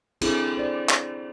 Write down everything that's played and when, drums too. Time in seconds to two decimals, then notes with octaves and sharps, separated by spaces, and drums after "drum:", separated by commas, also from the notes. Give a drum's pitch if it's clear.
0.21 C4 D4 E4 G#4 A4, drum: cymbal
0.57 C5 D5
0.89 drum: clap